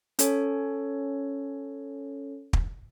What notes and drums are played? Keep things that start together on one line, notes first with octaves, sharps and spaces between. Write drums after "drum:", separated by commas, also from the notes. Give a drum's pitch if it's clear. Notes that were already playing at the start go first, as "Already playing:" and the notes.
C#4 A4 C#5, drum: hi-hat
drum: kick